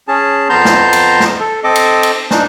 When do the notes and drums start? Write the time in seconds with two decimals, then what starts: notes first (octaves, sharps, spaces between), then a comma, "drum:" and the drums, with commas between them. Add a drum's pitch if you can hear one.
0.08 C#4 G#4 A5
0.50 F2 B3 A5 A#5 C6 G6
0.65 drum: snare
0.93 drum: cymbal
1.20 drum: snare
1.40 A4
1.64 C4 A4 D#5 D6
1.75 drum: cymbal
2.03 drum: cymbal
2.31 D4 D#4, drum: snare